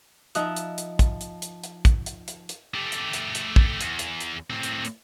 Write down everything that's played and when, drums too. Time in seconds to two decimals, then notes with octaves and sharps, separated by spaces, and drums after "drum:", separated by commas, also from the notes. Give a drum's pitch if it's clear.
0.35 F3 D#4 D#5 E5 F#6, drum: hi-hat
0.56 drum: hi-hat
0.78 drum: hi-hat
0.99 drum: kick, hi-hat
1.21 drum: hi-hat
1.42 drum: hi-hat
1.64 drum: hi-hat
1.85 drum: kick, hi-hat
2.06 drum: hi-hat
2.28 drum: hi-hat
2.49 drum: hi-hat
2.75 A3 G4
2.92 drum: hi-hat
3.13 drum: hi-hat
3.35 drum: hi-hat
3.56 drum: kick
3.81 E2, drum: hi-hat
3.99 drum: hi-hat
4.20 drum: hi-hat
4.50 A2 C4
4.63 drum: hi-hat
4.85 drum: hi-hat